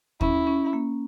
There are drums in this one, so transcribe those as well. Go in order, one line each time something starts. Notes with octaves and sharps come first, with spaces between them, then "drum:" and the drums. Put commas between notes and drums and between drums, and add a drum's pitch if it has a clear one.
C#4 E4, drum: kick
C#4
A#3